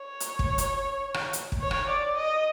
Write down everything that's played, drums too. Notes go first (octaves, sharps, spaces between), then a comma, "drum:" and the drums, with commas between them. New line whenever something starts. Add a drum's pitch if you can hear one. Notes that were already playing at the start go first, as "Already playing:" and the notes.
Already playing: C#5
drum: hi-hat
drum: kick
drum: hi-hat
drum: rim click
drum: hi-hat
drum: kick
C#5
drum: rim click
D5
D#5